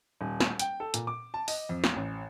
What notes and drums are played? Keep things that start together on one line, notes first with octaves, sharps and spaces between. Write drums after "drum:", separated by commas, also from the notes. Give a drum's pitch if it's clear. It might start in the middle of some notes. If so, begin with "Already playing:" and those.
D#1
drum: snare
G5, drum: hi-hat
A4
A#2, drum: hi-hat
D6
A5
D#5, drum: open hi-hat
F2
drum: snare
A1